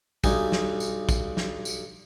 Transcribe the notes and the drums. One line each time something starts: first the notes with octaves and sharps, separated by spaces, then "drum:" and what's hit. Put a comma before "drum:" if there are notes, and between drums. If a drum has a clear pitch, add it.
B1 G2 D#4 G#5, drum: kick, tambourine
drum: snare
drum: tambourine
drum: kick, tambourine
drum: snare
drum: tambourine